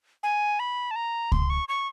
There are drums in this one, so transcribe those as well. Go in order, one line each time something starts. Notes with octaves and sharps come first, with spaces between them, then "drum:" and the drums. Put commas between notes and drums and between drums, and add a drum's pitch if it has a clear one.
G#5
B5
A5
A#5
C6, drum: kick C#2
C#6
C#6